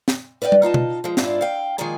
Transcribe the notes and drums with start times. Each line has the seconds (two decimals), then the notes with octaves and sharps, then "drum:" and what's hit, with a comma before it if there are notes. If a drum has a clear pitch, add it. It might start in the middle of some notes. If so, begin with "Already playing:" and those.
0.08 drum: snare
0.42 B4 D5 D#5 F5 G5
0.52 drum: tom
0.62 D#4 F4 D#5 A5
0.74 drum: tom B2
1.04 F3 G#3
1.17 G#2 C4 D4 E4 F4, drum: snare
1.41 F5 G5
1.78 D#3 F3 G#3 A#3 G#4 G#5